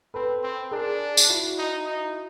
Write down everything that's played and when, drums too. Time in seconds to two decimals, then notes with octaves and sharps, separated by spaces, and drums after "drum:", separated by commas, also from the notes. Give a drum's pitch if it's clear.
0.14 C4 A4 B4
0.43 C4
0.71 D4 G#4 A#4
1.17 drum: tambourine
1.29 E4 F#4
1.58 D#4
1.86 D#4